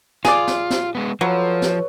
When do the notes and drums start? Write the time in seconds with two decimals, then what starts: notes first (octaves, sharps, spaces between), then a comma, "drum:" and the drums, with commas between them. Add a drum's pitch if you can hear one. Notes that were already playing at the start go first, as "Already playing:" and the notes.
0.25 F4 G#4 D5, drum: snare
0.47 drum: snare
0.70 drum: snare
0.95 G#3 B3
1.21 F3 F#3 A4 B4 C#5
1.62 drum: snare